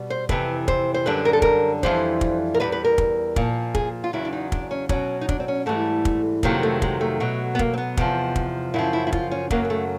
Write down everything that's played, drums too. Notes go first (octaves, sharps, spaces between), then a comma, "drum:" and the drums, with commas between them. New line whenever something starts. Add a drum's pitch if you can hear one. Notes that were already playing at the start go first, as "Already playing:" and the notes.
Already playing: B2 G3
C5
F2 C3 E3 B4, drum: kick
C5, drum: kick
C5
F#2 D3 G3 B4
A#4
A4
A#4, drum: kick
F2 C#3 E3 G3 C5, drum: kick
drum: kick
A#4
E2 B2 G3 B4
B4
A#4
drum: kick
A#2 F3, drum: kick
G#4, drum: kick
F4
E2 C#3 F#3 E4
D4
D#4
D4, drum: kick
C#4
B2 F#3 C#4, drum: kick
D#4
D4, drum: kick
C4
C#4
G#2 E3 G3 A3
drum: kick
F2 C3 D#3 F#3 A#3, drum: kick
A3
G#3, drum: kick
A3
B2 F#3
B3
A#3, drum: kick
C4
B3
E2 C3 F3, drum: kick
drum: kick
F#2 C#3 F3 E4
E4
E4
F4, drum: kick
C#4
F#2 C#3 F#3 A#3, drum: kick
A#3
A3